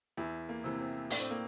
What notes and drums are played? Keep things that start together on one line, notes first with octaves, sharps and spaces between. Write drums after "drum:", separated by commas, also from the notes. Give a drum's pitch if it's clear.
E2 E4
A#3
C3 E3
C4
A2 D4, drum: open hi-hat
C4
A#3